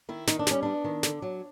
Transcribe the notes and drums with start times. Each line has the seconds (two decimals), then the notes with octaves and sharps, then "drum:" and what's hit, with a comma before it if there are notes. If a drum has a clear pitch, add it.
0.09 D#3 E4
0.28 D#3 D#4, drum: snare
0.39 D4
0.47 G3 C#4, drum: snare
0.63 B3 D4
0.84 D#3
1.03 D3, drum: snare
1.22 F#3